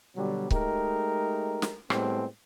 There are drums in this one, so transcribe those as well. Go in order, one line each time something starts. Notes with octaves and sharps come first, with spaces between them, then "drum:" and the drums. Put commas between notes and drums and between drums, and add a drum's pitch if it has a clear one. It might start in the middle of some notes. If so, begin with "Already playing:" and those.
B2 D3 F#3 G3
G#3 A3 D#4 G4 A#4, drum: kick C#1
drum: snare
A2 G3 G#3 B3 C4, drum: rim click